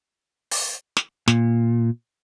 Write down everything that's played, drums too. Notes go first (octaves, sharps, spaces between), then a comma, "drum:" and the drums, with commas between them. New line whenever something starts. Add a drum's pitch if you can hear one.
drum: open hi-hat
drum: snare
A#2, drum: snare